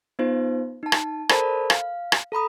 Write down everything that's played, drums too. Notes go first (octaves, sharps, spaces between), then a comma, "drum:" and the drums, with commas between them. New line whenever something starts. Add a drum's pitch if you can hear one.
B3 D#4 F4 C5
D#4 A5
drum: rim click
A4 A#4 C5 D5 A5 B5, drum: rim click
F5, drum: rim click
drum: rim click
A4 A#5 B5 D#6